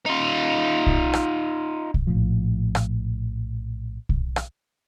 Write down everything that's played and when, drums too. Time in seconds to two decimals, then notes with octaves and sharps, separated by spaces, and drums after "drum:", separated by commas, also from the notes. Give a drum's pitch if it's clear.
0.06 D#4 F4
0.87 drum: kick B1
1.13 drum: rim click
1.94 drum: kick B1
2.07 A#1 A2 F3
2.75 drum: rim click
4.09 drum: kick B1
4.36 drum: rim click